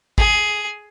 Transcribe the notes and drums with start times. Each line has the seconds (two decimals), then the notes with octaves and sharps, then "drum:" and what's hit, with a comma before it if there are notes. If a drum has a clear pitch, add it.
0.18 G#4, drum: kick